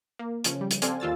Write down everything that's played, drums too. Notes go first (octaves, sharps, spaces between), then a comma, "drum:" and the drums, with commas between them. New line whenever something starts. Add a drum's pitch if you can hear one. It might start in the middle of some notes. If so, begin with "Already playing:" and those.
A#3
C#3 F3 C#4, drum: hi-hat
G3
drum: hi-hat
C4 A4 C5 D5 F5 G#5, drum: hi-hat
D#2 F4 E6 A6